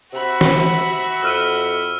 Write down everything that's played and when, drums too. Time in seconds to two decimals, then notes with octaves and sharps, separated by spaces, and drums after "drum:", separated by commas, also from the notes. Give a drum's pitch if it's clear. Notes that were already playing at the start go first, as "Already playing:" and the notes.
0.13 C3 F#4 E5 B5
0.41 drum: snare
1.23 F2 E6 F6 D#7